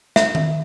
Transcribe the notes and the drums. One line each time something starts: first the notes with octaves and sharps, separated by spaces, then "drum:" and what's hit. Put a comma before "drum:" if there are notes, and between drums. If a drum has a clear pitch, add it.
E5, drum: snare
drum: tom D#3